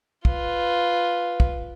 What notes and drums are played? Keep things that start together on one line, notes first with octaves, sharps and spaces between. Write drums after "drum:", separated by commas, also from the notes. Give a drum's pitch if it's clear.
F4 B4, drum: kick
drum: kick